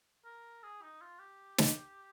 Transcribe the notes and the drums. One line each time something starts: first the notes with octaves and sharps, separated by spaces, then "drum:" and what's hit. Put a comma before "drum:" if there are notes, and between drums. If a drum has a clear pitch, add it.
A#4
G#4
D#4
F4
G4
drum: snare